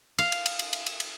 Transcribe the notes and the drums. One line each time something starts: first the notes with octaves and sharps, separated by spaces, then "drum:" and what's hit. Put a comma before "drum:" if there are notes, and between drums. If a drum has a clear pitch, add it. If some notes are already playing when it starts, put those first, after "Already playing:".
F5, drum: cymbal
drum: cymbal
drum: cymbal
drum: cymbal
drum: cymbal
drum: cymbal
drum: cymbal